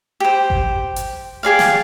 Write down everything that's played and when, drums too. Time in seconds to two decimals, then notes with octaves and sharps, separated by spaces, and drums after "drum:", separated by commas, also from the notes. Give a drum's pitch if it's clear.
0.20 G4 C5
0.50 drum: kick G#1
0.96 drum: hi-hat
1.43 G4 G#4 D5 F5
1.59 drum: snare